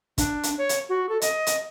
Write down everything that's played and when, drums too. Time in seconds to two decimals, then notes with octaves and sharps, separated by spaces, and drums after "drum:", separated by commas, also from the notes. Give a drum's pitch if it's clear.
0.18 D4, drum: kick, hi-hat
0.43 drum: hi-hat
0.58 C#5
0.69 drum: hi-hat
0.89 F#4
1.09 A4
1.21 D#5, drum: hi-hat
1.47 drum: hi-hat